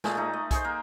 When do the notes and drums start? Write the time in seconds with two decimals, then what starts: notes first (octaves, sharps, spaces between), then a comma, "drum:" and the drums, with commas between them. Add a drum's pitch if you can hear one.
0.04 A#2 G#3 A3 G#4, drum: snare
0.17 A3 D#4
0.33 D#5
0.51 G#4 C5, drum: kick B1, hi-hat
0.64 A#3